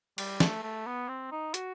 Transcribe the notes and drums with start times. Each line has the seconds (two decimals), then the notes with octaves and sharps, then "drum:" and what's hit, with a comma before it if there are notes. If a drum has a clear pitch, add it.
0.18 G3, drum: cymbal
0.40 A3, drum: snare
0.63 A3
0.86 B3
1.09 C4
1.31 D#4
1.54 F#4, drum: hi-hat